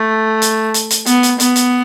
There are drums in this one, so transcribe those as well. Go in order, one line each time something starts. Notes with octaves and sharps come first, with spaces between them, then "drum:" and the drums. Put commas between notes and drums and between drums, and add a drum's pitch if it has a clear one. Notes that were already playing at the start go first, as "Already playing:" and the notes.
Already playing: A3
drum: hi-hat
drum: hi-hat
drum: hi-hat
B3, drum: hi-hat
drum: hi-hat
B3, drum: hi-hat
drum: hi-hat